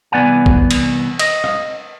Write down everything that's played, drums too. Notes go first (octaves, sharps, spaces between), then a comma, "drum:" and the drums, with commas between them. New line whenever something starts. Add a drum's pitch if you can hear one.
C2 E3 B3 D5 F#5 G#5
drum: kick
drum: cymbal
D#5, drum: cymbal
drum: rim click